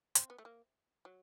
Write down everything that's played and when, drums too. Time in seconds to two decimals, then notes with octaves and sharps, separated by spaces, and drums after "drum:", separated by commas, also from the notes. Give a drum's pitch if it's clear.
0.15 C4, drum: hi-hat
0.30 B3
0.38 A3
0.45 A#3
1.05 F#3